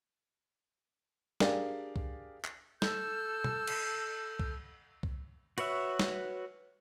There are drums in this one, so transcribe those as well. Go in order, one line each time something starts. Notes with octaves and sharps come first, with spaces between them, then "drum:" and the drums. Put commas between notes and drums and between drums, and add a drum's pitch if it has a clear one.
D4 G4 G#4 A#4 D5 F5, drum: snare
drum: kick C2
drum: clap
A4 E6 F6 G6, drum: snare
drum: tom B2
drum: cymbal
drum: kick C2
drum: kick C2
F#4 B4 C#5 E5, drum: cymbal
drum: snare